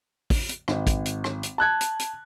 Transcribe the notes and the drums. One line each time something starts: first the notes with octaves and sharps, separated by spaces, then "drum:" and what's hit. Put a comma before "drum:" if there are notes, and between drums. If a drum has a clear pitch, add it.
drum: kick, open hi-hat
drum: hi-hat
G#1, drum: rim click
drum: kick, hi-hat
drum: hi-hat
drum: rim click
drum: hi-hat
A5 F#6 G#6
drum: hi-hat
drum: hi-hat